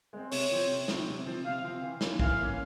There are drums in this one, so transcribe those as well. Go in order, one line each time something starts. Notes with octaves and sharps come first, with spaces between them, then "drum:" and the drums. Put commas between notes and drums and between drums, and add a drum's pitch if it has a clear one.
G#3 C4
C3 C#5, drum: open hi-hat
F3 C4
C3
F3 C4, drum: snare
C3
F3 C4
C3 F5
F3 C4
E3
A#3 C#4, drum: snare
E3 F5, drum: kick
A#3 C#4